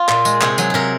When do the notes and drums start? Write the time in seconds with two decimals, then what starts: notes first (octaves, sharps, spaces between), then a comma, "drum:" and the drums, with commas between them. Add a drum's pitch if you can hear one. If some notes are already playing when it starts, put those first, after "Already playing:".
Already playing: F4
0.09 A#2, drum: clap
0.25 G#3, drum: tambourine
0.42 C3 G#4, drum: clap
0.58 F#3 G#4, drum: tambourine
0.70 C3 G#4 A#4